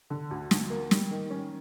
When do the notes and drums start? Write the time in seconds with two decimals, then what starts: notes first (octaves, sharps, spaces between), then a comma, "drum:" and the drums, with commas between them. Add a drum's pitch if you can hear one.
0.10 D3
0.31 D2
0.51 D2, drum: snare
0.70 A#3
0.91 G3, drum: snare
1.11 D#3
1.30 C#4